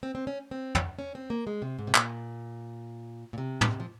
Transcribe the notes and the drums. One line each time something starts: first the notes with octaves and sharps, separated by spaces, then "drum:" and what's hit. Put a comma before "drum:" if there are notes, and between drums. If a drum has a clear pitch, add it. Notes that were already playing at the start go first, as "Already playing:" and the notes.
C4
C4
C#4
C4
drum: tom
C#4
C4
A#3
G#3
C3
G#2
C3
A#2, drum: clap
A#2
C3
drum: tom
F3